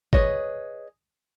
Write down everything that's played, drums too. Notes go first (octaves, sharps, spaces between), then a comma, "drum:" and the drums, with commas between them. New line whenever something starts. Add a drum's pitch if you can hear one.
G#4 B4 C#5 D#5, drum: kick G#1